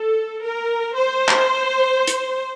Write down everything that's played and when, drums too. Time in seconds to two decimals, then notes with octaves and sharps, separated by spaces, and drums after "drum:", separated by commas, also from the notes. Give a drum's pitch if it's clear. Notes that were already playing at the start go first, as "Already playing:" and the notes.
Already playing: A4
0.43 A#4
0.96 C5
1.28 drum: clap
2.07 drum: hi-hat